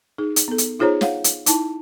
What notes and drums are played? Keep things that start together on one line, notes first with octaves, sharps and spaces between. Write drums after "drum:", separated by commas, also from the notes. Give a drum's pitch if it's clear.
D#4 G#4
drum: hi-hat
B3 A4
drum: hi-hat
D#4 F4 G#4 C5 C#5 A#5
C#5 F5 F#5, drum: snare
drum: hi-hat
D#4 E4 A5, drum: hi-hat